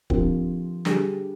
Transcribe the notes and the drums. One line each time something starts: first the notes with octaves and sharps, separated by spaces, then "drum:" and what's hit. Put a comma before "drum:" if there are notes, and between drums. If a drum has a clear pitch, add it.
D3 F3 C4 G4 A#4, drum: kick
D3 G3 D4 G#4, drum: snare